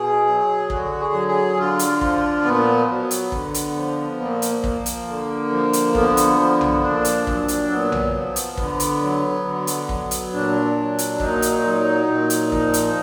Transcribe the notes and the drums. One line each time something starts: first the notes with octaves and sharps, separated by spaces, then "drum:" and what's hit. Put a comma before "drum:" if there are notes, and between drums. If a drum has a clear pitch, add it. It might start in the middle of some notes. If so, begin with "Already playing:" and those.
Already playing: B2 G#4
F#3
D3 F#4, drum: kick
G#4
F#3
G#4
D3 F4
drum: hi-hat
F3, drum: kick
A#2 B3
F#3
drum: hi-hat
D3, drum: kick
drum: hi-hat
F3
A#2 A#3
drum: hi-hat
F3, drum: kick
drum: hi-hat
D3
F3
drum: hi-hat
D3 B3, drum: kick
drum: hi-hat
F3
drum: tom B1
A#2 D4
drum: hi-hat
F#3, drum: kick
drum: hi-hat
A#2 B3
drum: tom B1
F3
drum: hi-hat
D3, drum: kick
drum: hi-hat
F#3
D3
drum: hi-hat
F#3, drum: kick
drum: hi-hat
A#2 D4
F#3
drum: hi-hat
A#2 D#4, drum: kick
drum: hi-hat
F#3
A#2
drum: hi-hat
F3, drum: kick
drum: hi-hat